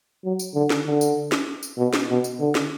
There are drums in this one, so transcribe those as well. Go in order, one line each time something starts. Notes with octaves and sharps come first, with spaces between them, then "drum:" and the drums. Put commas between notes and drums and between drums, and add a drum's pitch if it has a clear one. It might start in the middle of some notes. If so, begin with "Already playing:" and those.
F#3
drum: tambourine
D3
drum: snare
D3
drum: tambourine
drum: snare
drum: tambourine
B2
drum: snare
B2
drum: tambourine
D3
drum: snare